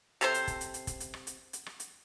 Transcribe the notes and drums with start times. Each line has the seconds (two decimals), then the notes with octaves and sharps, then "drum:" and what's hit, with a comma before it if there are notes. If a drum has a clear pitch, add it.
0.21 C3 A4 C5, drum: hi-hat
0.34 drum: hi-hat
0.48 drum: kick, hi-hat
0.61 drum: hi-hat
0.74 drum: hi-hat
0.87 drum: kick, hi-hat
1.00 drum: hi-hat
1.14 drum: rim click
1.27 drum: hi-hat
1.53 drum: hi-hat
1.66 drum: rim click
1.80 drum: hi-hat